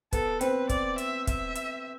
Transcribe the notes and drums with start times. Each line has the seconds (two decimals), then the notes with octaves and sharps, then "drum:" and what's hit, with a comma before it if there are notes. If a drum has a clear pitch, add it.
0.13 B3 A4, drum: kick, hi-hat
0.41 C4 B4, drum: hi-hat
0.69 D5, drum: kick, hi-hat
0.98 E5, drum: hi-hat
1.27 E5, drum: kick, hi-hat
1.55 drum: hi-hat